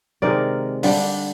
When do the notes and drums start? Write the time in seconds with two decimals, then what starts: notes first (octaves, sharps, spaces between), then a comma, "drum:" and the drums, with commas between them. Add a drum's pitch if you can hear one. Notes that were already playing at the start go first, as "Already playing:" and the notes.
0.22 C3 D#3 G#3 A#4 D5
0.83 D3 G3 D4, drum: open hi-hat